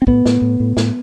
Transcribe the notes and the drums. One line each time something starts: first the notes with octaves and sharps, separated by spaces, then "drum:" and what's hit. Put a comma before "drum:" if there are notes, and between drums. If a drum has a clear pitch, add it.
C4
A2 B3, drum: kick
A2, drum: snare
A2
A2
A2, drum: snare